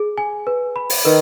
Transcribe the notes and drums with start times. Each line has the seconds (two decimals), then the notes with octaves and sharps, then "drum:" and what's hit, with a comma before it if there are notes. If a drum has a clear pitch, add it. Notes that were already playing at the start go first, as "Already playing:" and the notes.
Already playing: G#4
0.18 G#5
0.47 B4
0.76 B5
0.90 drum: open hi-hat
1.05 D#3 B4